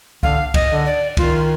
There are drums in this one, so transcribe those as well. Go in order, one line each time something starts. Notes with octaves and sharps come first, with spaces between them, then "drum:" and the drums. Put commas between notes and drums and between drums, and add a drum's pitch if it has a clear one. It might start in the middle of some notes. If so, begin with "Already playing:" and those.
D3 F5, drum: kick C#2
D#5, drum: kick C#2, cymbal
D3
D5
D#3 F4, drum: kick C#2, cymbal